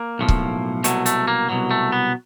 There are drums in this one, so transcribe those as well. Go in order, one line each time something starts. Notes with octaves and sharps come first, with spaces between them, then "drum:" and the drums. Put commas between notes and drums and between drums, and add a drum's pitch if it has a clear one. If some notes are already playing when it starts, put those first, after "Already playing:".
Already playing: A#3
B1 A2 F3
drum: kick C#1
C2 B2 F#3 A3, drum: hi-hat
A3, drum: hi-hat
A#3
C2 B2 F#3
A3
B3